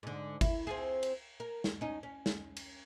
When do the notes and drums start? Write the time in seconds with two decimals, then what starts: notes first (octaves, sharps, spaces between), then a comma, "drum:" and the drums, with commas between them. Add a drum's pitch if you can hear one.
0.03 G#2 D3
0.41 E4, drum: kick G1, cymbal
0.67 C4 F4 G#4
1.03 drum: cymbal
1.40 A#4
1.64 drum: snare
1.81 C#4 D#4
2.03 C#4
2.26 drum: snare
2.57 drum: cymbal